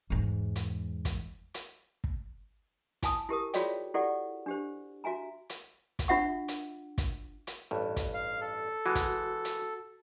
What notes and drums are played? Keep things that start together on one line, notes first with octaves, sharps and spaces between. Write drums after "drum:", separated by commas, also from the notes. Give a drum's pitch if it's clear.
E2 G#2
drum: hi-hat
drum: kick, hi-hat
drum: hi-hat
drum: kick
E4 G#5 A5 D#6, drum: kick, hi-hat
E4 G4 A#4 D#6
F4 F#4 G#4 C#5 D5 G5, drum: hi-hat
E4 G4 A4 D5 F#5
D4 G4 C5
F#4 E5 G#5 A#5
drum: hi-hat
drum: kick, hi-hat
D4 F4 E5 F#5 C#6
drum: hi-hat
drum: kick, hi-hat
drum: hi-hat
A1 G2
drum: kick, hi-hat
F5
A4
E3 G#3 F#4
drum: kick, hi-hat
drum: hi-hat